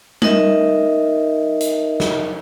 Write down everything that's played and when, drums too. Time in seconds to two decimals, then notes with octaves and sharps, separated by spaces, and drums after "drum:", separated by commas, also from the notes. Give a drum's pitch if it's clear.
0.22 D#4 A#4 D#5 E5, drum: tom G3
1.61 drum: hi-hat
2.00 drum: snare